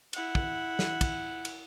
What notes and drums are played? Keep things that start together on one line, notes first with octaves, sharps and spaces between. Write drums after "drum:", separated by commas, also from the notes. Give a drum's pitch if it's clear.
E4 F#5, drum: cymbal
drum: kick
drum: snare
drum: kick, cymbal
drum: cymbal